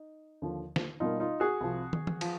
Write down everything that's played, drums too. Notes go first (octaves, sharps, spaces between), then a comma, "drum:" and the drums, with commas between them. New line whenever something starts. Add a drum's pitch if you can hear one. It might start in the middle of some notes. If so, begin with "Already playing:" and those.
Already playing: D#4
D#2 D3 F3
drum: snare
B2 G3 A#3 D#4 F4
D#4 F4
F#4 G#4
C2 C3 F3
drum: tom
drum: tom E3
F3, drum: cymbal